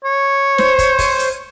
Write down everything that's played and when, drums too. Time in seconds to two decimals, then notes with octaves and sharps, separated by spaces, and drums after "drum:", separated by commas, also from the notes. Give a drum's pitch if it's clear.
0.04 C#5
0.58 C5, drum: snare
0.78 drum: kick, hi-hat
0.99 drum: kick, open hi-hat
1.19 drum: hi-hat